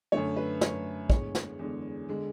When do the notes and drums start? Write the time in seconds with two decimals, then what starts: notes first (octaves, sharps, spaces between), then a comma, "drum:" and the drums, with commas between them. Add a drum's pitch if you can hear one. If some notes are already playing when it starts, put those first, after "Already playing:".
0.12 F#2 D3 A3 C#5
0.37 B4
0.61 F#2 D3 A3 C#5, drum: snare
1.10 E2 D3 G#3 C#5, drum: kick
1.35 drum: snare
1.59 E2 D3 G#3
2.09 D3 G#3